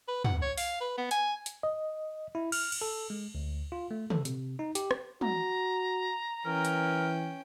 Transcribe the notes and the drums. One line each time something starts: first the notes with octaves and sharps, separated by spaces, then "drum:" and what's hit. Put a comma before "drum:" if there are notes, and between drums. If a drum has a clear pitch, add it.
B4
F#5, drum: tom
C#5
F5, drum: open hi-hat
B4
B3
G#5, drum: hi-hat
drum: hi-hat
D#5
E4
F6, drum: cymbal
drum: cymbal
A4
G#3
D2
F4
A3
A4, drum: tom
C3, drum: hi-hat
D#4
G4, drum: hi-hat
drum: rim click
F#4 A#5, drum: tom
E3 C#4 A#4 G5
drum: hi-hat